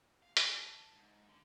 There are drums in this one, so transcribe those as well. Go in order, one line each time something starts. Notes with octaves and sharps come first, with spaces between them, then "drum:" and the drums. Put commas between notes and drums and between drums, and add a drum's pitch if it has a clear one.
F5
G#5, drum: hi-hat
A5
G#2
D3